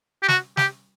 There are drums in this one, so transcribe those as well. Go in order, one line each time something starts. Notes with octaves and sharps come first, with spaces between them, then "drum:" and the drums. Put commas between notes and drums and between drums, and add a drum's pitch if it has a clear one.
G4
F#4, drum: snare
G4, drum: snare